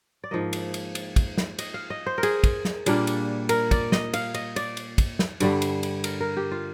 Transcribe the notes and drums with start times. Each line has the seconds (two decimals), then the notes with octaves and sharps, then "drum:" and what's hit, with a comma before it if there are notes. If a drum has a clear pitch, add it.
0.24 D5
0.31 G#2 F3 A#3 D#5
0.53 drum: cymbal
0.74 drum: cymbal
0.95 drum: cymbal
1.16 drum: kick, cymbal
1.38 drum: snare
1.59 D#5, drum: cymbal
1.74 F5
1.90 D#5
2.06 C5
2.18 A#4
2.23 G#4, drum: cymbal
2.44 drum: kick, cymbal
2.65 drum: snare
2.86 A#2 G3 A#3 D4, drum: cymbal
3.07 drum: cymbal
3.49 A#4, drum: cymbal
3.71 D5, drum: kick, cymbal
3.92 D#5, drum: snare
4.14 F5, drum: cymbal
4.34 D#5, drum: cymbal
4.56 D5, drum: cymbal
4.77 drum: cymbal
4.98 drum: kick, cymbal
5.19 drum: snare
5.40 G2 D3 G3, drum: cymbal
5.62 drum: cymbal
5.83 drum: cymbal
6.04 A#4, drum: cymbal
6.20 A#4
6.37 G4
6.51 F4